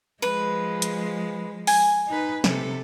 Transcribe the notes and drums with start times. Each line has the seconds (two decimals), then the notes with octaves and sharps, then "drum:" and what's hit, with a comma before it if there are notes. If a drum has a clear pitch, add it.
0.22 F3 G#3 B4
0.82 drum: hi-hat
1.67 G#5, drum: open hi-hat
2.08 D#4 B4
2.44 C3 A4, drum: snare